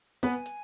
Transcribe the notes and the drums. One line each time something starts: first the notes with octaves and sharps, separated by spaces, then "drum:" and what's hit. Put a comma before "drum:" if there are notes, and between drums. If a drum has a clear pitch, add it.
B3 B4 G#5, drum: hi-hat
drum: hi-hat